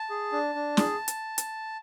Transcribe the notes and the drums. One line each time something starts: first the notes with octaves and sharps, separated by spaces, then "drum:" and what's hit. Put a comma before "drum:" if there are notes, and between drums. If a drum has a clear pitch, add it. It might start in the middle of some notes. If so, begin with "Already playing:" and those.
Already playing: A5
G#4
D4
D4
G#4, drum: snare
drum: hi-hat
drum: hi-hat